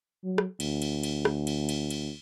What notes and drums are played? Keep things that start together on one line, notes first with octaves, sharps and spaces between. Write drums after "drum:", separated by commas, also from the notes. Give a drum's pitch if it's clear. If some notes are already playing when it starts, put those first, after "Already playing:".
F#3
drum: rim click
D2, drum: cymbal
drum: cymbal
drum: cymbal
drum: rim click
drum: cymbal
drum: cymbal
drum: cymbal